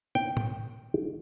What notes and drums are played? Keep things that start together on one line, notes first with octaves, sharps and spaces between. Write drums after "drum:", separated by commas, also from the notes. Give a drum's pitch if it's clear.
G5
drum: tom